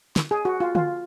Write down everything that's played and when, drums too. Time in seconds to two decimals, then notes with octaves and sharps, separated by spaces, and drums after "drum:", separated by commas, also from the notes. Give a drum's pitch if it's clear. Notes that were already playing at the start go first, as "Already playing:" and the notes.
0.16 drum: snare
0.31 G#4
0.45 F#4
0.60 F4
0.75 F4, drum: tom D3